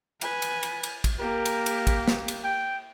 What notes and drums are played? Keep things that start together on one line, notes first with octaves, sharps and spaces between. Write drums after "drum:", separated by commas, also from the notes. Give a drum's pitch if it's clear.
B4 G#5, drum: cymbal
drum: cymbal
drum: cymbal
drum: cymbal
drum: kick, cymbal
A#3 G4 A#4
drum: cymbal
drum: cymbal
drum: kick, cymbal
drum: snare
drum: cymbal
G5